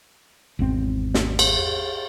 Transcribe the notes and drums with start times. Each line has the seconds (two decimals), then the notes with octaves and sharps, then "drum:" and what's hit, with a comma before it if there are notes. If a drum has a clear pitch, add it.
0.59 G#1 E2 C4
1.14 drum: snare
1.39 drum: cymbal